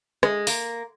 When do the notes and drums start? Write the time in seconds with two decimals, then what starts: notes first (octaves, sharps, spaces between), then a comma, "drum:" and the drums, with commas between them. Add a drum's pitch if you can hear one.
0.23 G#3, drum: rim click
0.47 A#3, drum: open hi-hat